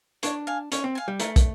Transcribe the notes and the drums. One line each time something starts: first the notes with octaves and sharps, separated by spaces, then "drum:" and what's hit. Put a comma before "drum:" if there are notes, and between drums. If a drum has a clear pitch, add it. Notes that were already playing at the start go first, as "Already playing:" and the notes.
D4 C#5, drum: hi-hat
F5 G#5
C#4 C#5, drum: hi-hat
C4
F5 G#5
G3
A3 A#4, drum: hi-hat
drum: kick, hi-hat